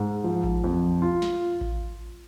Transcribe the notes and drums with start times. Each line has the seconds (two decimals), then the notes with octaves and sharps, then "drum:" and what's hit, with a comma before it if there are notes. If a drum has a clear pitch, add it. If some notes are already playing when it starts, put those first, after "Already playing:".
Already playing: G#2
0.24 F3
0.44 drum: kick A1
0.64 F2
1.02 F4
1.22 drum: snare
1.61 drum: kick A1